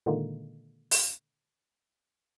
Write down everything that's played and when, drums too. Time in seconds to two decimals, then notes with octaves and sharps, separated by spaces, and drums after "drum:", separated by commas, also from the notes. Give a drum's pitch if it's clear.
0.06 A#2 D3 D#3 G#3 A#3 D#4
0.91 drum: open hi-hat